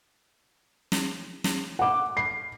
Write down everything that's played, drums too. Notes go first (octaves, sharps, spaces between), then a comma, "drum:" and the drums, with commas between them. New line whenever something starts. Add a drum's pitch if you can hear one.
drum: snare
drum: snare
F#5 D6
C7